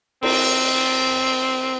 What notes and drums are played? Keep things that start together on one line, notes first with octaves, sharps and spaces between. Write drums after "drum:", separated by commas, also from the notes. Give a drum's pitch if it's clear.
C4, drum: cymbal